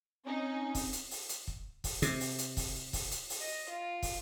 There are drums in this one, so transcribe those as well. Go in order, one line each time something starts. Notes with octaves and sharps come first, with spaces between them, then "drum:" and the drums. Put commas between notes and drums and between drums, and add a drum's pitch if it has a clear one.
C4 C#4 D#4
drum: kick, open hi-hat
drum: hi-hat
drum: open hi-hat
drum: hi-hat
drum: kick
drum: kick, open hi-hat
C3, drum: hi-hat
drum: open hi-hat
drum: hi-hat
drum: kick, open hi-hat
drum: kick, open hi-hat
drum: hi-hat
drum: open hi-hat
D#5
F4
drum: kick, open hi-hat